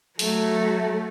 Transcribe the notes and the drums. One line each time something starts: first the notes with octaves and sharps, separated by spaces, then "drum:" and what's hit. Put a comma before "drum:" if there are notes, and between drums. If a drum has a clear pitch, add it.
F#3 A3, drum: open hi-hat